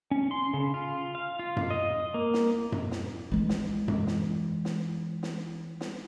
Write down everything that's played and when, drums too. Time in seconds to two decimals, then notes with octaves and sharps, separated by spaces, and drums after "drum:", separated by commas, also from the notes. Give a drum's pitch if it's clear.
0.11 C#4
0.31 C6
0.54 C#3
0.74 F4
1.15 F5
1.39 F4
1.57 drum: tom F#2
1.70 D#5
2.14 A#3
2.34 drum: snare
2.72 drum: tom F#2
2.91 drum: snare
3.31 E3 G#3
3.49 drum: snare
3.88 drum: tom F#2
4.07 drum: snare
4.65 drum: snare
5.23 drum: snare
5.81 drum: snare